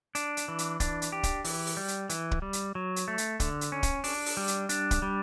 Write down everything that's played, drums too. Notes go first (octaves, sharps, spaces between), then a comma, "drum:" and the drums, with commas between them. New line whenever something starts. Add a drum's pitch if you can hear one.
D4, drum: hi-hat
drum: hi-hat
E3
drum: hi-hat
D4, drum: kick, hi-hat
drum: hi-hat
G4
drum: kick, hi-hat
E3, drum: open hi-hat
drum: open hi-hat
G3
drum: hi-hat
E3, drum: hi-hat
drum: kick
G3
drum: hi-hat
F#3
drum: hi-hat
A3
drum: hi-hat
D3, drum: kick, hi-hat
drum: hi-hat
C#4
drum: kick, hi-hat
D4, drum: open hi-hat
drum: open hi-hat
G3
drum: hi-hat
D4, drum: hi-hat
drum: kick, hi-hat
G3